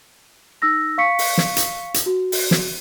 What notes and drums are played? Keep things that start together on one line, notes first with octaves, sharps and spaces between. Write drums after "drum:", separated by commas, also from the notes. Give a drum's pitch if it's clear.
D#4 E6 A#6
F5 C#6 B6 C#7
drum: open hi-hat
drum: snare
drum: hi-hat
drum: hi-hat
F#4
drum: open hi-hat
drum: snare